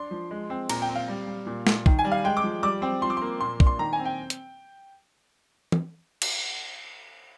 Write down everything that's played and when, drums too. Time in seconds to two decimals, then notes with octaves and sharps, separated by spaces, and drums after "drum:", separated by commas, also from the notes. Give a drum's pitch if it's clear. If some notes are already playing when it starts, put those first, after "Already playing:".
Already playing: D4 C6
0.11 F3
0.31 G#3
0.50 C4
0.69 A#2 A#5, drum: cymbal
0.82 G5
0.89 C4
0.95 F5
1.08 G3
1.27 G3
1.47 A#2
1.67 A#2, drum: snare
1.86 D#3, drum: kick
1.99 G#5
2.05 G3
2.12 F5
2.24 G#3 G5
2.37 D6
2.44 F3
2.63 G3 D6
2.82 C4
3.02 F3 C6
3.10 D6
3.17 A#3 C6
3.41 A#2 C6
3.60 D4, drum: kick
3.67 C6
3.79 D#3 A#5
3.93 G#5
3.99 C4
4.05 G5
4.30 drum: hi-hat
5.72 drum: tom
6.22 drum: cymbal